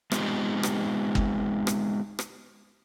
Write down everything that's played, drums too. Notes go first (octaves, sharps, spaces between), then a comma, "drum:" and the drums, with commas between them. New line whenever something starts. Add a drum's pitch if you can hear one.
G#3 B3 C4 D#4 F4 G4, drum: rim click
drum: rim click
drum: kick
drum: rim click
drum: rim click